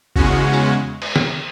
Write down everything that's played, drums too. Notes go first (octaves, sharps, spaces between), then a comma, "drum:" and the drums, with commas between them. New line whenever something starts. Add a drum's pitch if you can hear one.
E2 C#3 G#3 C#4 F#4, drum: kick G1
drum: tambourine
drum: cymbal
drum: snare